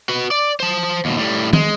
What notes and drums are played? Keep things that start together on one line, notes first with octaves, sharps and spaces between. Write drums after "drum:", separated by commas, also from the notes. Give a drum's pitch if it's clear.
F#4 B4
D5
C5 A5
D#2 B2
A2 G3
G#3, drum: tom D#3